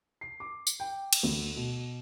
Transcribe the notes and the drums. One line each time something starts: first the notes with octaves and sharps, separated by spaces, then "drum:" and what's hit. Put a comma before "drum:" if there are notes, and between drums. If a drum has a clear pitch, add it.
C7
D6
drum: tambourine
G5
drum: cymbal
D2
B2